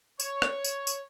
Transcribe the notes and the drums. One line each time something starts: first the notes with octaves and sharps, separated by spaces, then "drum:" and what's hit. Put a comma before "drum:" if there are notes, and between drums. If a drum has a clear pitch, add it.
C#5, drum: tambourine
drum: rim click
drum: tambourine
drum: tambourine